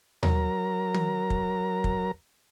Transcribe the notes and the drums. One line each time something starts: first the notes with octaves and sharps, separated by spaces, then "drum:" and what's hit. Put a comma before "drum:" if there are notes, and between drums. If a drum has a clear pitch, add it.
F#3 A#4 A#5, drum: tom D#2
drum: tom
drum: kick
drum: kick